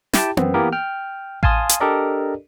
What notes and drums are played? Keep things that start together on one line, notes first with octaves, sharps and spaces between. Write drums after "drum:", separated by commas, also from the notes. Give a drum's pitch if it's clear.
E4 G4 G5 A5, drum: snare
F#2 B3 C4, drum: tom B3
E3 A#3 B3 G4 A#4
G5 F6
F5 G#5 A5 C6 D#6, drum: kick A1
drum: hi-hat
D4 G4 A4 A#4 D5 D#5